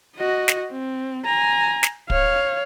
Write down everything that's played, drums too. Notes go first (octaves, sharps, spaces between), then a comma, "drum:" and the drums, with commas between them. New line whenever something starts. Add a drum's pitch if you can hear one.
F#4 D#5
drum: snare
C4
G#5 A#5
drum: snare
C#5 F5, drum: kick